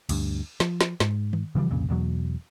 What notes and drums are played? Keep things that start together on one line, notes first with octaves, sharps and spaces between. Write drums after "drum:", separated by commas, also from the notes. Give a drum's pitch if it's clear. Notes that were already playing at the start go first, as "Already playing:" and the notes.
D2 G2, drum: cymbal
F3, drum: snare
drum: snare
G#2, drum: snare
drum: tom D#3
C#3 E3 F3 G3
C2 F2 A#2 C#3
E1 E2 B2 F#3